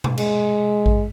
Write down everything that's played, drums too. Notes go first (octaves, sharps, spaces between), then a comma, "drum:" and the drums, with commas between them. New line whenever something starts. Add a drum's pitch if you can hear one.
drum: tom B2
G#3, drum: cymbal
drum: kick A1